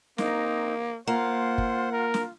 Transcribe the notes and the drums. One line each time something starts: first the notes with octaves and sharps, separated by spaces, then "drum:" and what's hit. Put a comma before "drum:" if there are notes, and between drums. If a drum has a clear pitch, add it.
A#3 C4 D#4, drum: snare
A#3 F4 C5 F#5
drum: kick
A#4
drum: snare